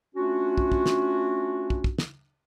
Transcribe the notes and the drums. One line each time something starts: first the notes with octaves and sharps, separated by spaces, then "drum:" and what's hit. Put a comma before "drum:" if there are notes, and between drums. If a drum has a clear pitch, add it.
A3 C#4 D4 F4 F#4
drum: kick
drum: kick
drum: snare
drum: kick
drum: kick
drum: snare